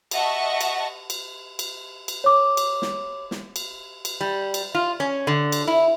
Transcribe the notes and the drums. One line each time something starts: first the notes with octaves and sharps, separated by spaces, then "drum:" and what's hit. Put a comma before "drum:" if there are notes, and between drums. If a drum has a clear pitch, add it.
D#5 E5 F#5 A5 C#6, drum: cymbal
drum: cymbal
drum: cymbal
drum: cymbal
drum: cymbal
C#5 D6
drum: cymbal
drum: snare
drum: snare
drum: cymbal
drum: cymbal
G3
drum: cymbal
F4
C#4
D3
drum: cymbal
E4